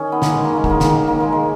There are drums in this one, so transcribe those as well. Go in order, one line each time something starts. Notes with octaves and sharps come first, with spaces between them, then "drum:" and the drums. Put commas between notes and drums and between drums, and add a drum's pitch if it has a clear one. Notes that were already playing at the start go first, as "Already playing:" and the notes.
Already playing: D#3 C#4 G#4
B3
A#3, drum: snare
G#3
A#3
G#3
B3, drum: kick
A#3
drum: snare
A#3
G#3
G#3